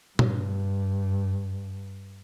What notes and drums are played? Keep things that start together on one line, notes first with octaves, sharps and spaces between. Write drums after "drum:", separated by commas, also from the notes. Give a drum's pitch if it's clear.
G2, drum: tom A#2